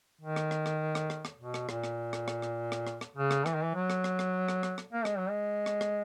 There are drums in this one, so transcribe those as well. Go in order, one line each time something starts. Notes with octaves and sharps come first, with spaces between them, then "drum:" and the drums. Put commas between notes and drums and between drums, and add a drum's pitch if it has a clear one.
D#3
drum: rim click
drum: rim click
drum: rim click
drum: rim click
drum: rim click
drum: rim click
B2
drum: rim click
A#2, drum: rim click
drum: rim click
drum: rim click
drum: rim click
drum: rim click
drum: rim click
drum: rim click
drum: rim click
C#3
drum: rim click
E3, drum: rim click
D#3
E3
F#3
drum: rim click
drum: rim click
drum: rim click
drum: rim click
drum: rim click
drum: rim click
A#3
G#3, drum: rim click
F#3
G#3
drum: rim click
drum: rim click